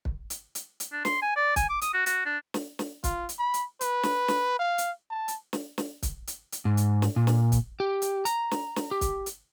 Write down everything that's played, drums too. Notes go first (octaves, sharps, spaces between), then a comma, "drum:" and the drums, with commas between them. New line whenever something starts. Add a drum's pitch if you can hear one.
drum: kick
drum: hi-hat
drum: hi-hat
drum: hi-hat
D4
C6, drum: snare
G#5
D5
G#5, drum: kick, hi-hat
D6
D#6, drum: hi-hat
F#4
F#4, drum: hi-hat
D4
drum: snare
drum: snare
F4, drum: kick, hi-hat
drum: hi-hat
B5
drum: hi-hat
B4, drum: hi-hat
drum: snare
drum: snare
F5
drum: hi-hat
A5
drum: hi-hat
drum: snare
drum: snare
drum: kick, hi-hat
drum: hi-hat
drum: hi-hat
G#2
drum: hi-hat
drum: snare
A#2
drum: snare
drum: kick, hi-hat
G4
drum: hi-hat
A#5, drum: hi-hat
drum: snare
drum: snare
G4
drum: kick, hi-hat
drum: hi-hat